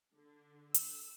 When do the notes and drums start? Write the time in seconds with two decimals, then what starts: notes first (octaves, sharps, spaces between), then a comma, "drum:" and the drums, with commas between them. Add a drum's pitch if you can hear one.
0.14 D3
0.74 E6, drum: hi-hat